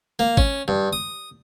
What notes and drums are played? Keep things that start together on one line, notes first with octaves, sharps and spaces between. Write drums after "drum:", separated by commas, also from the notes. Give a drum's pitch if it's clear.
A#3
C#4, drum: kick G#1
G2
D#6